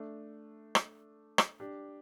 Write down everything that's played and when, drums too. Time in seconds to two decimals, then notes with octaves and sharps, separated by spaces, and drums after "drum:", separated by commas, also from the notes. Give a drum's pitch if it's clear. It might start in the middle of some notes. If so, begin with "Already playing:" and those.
Already playing: A3 D4
0.75 drum: rim click
1.38 drum: rim click
1.60 D4 G4